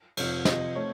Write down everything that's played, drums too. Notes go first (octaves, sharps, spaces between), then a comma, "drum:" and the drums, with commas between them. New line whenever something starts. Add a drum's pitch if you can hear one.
F2 C3 F3 C#5, drum: cymbal
C3 F3 C4 D#5, drum: snare
A3 C4 C#5